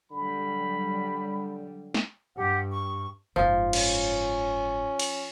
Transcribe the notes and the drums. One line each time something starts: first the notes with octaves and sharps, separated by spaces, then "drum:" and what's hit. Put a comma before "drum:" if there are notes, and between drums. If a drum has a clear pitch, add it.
D3 F#3 G3 B5
drum: snare
G2 G4 F#5
C#6
F#1 G#2 F3
C#4, drum: cymbal
drum: cymbal